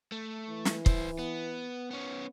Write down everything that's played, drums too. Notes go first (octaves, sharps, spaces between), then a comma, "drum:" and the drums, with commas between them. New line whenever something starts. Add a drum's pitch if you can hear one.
A3
E3
drum: snare
E4 C5, drum: kick
B3
B3 C#4